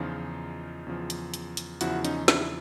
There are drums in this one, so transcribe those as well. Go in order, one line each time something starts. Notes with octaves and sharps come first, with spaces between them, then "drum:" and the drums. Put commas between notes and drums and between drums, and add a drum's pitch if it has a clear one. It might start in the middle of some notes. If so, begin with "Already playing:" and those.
Already playing: E2 C#3 F3 D#4 F4
E2 C#3 F3
drum: hi-hat
drum: hi-hat
drum: hi-hat
E2 C#3 F3 E4 F#4, drum: hi-hat
C#4 D#4, drum: hi-hat
D4 E4, drum: snare